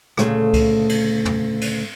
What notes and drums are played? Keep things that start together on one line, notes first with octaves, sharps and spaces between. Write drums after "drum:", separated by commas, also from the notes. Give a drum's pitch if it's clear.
D2 A#2 C#3 A3 G#4 C#5, drum: rim click
drum: kick C#2, cymbal
drum: cymbal
drum: tom
drum: cymbal